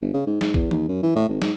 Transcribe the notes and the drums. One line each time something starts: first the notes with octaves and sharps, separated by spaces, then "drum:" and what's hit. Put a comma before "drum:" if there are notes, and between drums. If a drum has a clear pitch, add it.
G1
C#3
G#2
G#2, drum: snare
E2, drum: kick A#1
D#2, drum: tom E3
F#2
E3
A2
G#1
G#2, drum: snare